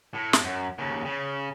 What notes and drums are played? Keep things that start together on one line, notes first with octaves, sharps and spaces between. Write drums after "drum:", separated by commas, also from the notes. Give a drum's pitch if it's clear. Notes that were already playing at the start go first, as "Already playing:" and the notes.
A2
drum: snare
F#2
D#2 C#3
C#3